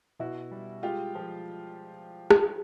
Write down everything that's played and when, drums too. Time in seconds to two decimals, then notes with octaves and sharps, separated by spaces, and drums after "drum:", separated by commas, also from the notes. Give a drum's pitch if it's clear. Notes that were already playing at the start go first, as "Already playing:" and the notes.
0.19 B2 E4 F#4
0.51 G3
0.83 G#3 F4 G4
1.15 F3
2.31 drum: rim click